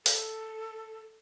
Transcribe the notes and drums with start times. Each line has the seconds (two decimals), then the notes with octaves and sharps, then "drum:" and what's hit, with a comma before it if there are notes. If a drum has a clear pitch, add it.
0.06 A4, drum: open hi-hat